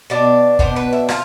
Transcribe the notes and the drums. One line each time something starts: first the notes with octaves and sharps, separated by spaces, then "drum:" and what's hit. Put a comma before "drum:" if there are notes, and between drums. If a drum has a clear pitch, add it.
B2 B3 D4 D5
B2 B3 D4 C5, drum: kick
B4
E5
C4 F4 F5, drum: rim click